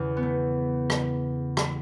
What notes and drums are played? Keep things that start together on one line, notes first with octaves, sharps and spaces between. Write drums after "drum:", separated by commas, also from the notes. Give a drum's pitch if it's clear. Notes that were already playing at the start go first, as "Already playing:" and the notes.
Already playing: E2 C#3 E3
B3
A3
drum: rim click
drum: rim click